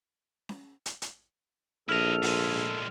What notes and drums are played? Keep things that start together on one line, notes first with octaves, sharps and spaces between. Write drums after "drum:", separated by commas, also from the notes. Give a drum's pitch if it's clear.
drum: snare C#4
drum: hi-hat
drum: hi-hat
A#1 E4 A4 D#5 F6 F7
A#2 G#3, drum: open hi-hat